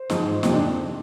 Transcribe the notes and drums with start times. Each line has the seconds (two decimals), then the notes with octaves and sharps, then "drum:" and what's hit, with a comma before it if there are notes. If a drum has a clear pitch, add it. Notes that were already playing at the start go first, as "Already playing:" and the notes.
Already playing: C5
0.10 G#2 F3, drum: snare
0.43 F2 C3 F3 D#4, drum: snare
0.53 D4